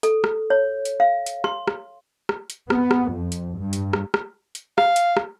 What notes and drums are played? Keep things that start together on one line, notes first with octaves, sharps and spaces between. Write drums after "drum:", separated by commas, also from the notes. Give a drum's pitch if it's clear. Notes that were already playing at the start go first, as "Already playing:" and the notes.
A4, drum: hi-hat
drum: rim click
C#5
drum: hi-hat
F5
drum: hi-hat
C6, drum: rim click
drum: rim click
drum: rim click
drum: hi-hat
B3, drum: rim click
drum: rim click
F2
drum: hi-hat
G2
drum: hi-hat
drum: rim click
drum: rim click
drum: hi-hat
F5, drum: rim click
drum: hi-hat
drum: rim click